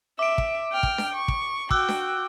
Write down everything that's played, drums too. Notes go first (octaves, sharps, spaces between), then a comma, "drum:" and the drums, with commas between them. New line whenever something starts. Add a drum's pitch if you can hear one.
E5 D6 D7
drum: kick
G5 F6
drum: kick
drum: snare D4
C#6
drum: kick
F#4 G5 D6 E6 F#6, drum: kick
drum: snare D4